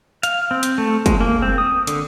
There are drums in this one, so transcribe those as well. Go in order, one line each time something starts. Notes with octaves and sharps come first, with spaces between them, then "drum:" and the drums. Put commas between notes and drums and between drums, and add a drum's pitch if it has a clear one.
F5, drum: hi-hat
C4
drum: hi-hat
A3
G#3, drum: kick, hi-hat
A#3
C4
D#6
D3, drum: hi-hat